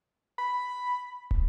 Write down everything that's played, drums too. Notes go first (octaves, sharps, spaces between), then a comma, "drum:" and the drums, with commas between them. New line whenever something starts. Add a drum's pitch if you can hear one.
B5
drum: kick